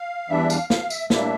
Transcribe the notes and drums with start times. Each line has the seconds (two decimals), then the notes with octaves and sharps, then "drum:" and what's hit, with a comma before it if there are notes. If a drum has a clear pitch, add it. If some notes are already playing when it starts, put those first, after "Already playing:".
Already playing: F5
0.29 E2 E3 G3 D4 E5
0.50 F5, drum: tambourine
0.70 F5, drum: snare
0.90 E5, drum: tambourine
1.10 A2 G3 A#3 D4 E5, drum: snare